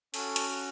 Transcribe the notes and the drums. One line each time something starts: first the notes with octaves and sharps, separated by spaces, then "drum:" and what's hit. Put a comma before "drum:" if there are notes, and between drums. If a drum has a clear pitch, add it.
C#4 F#4 A4, drum: open hi-hat
drum: hi-hat